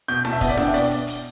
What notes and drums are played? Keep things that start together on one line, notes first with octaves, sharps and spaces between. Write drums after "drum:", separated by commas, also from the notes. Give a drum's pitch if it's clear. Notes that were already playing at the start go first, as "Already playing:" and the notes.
B2 G6
B2 A5, drum: snare E4
E5
B3, drum: kick, hi-hat
D5
D4 E5, drum: snare E4
G5
B2 D5, drum: hi-hat
drum: hi-hat
drum: hi-hat